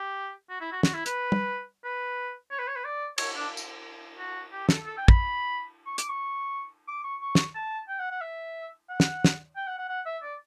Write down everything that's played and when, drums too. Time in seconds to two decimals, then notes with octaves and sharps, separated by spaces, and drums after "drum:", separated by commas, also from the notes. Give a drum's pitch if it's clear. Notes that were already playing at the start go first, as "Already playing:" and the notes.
Already playing: G4
0.50 F#4
0.61 E4
0.72 F#4
0.83 F#4, drum: snare
0.94 E4
1.06 B4, drum: hi-hat
1.32 drum: tom
1.84 B4
2.51 C#5
2.59 B4
2.67 C#5
2.76 B4
2.84 D5
3.18 C#5, drum: cymbal
3.36 D4
3.57 drum: tambourine
4.18 F#4
4.52 G4
4.69 A4, drum: snare
4.86 A4
4.97 G5
5.08 B5, drum: kick
5.86 C#6
5.98 D6, drum: hi-hat
6.09 C#6
6.88 D6
7.04 C#6
7.21 C#6
7.35 drum: snare
7.55 A5
7.89 G5
7.99 F#5
8.11 F#5
8.21 E5
8.89 F#5
9.00 drum: snare
9.24 drum: snare
9.56 G5
9.67 F#5
9.78 F#5
9.89 F#5
10.06 E5
10.23 D5